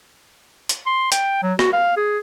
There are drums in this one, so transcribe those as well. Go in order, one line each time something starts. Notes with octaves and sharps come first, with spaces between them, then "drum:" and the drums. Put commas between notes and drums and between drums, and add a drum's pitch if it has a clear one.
drum: hi-hat
C6
G5, drum: hi-hat
F#3
F#4, drum: rim click
F5
G#4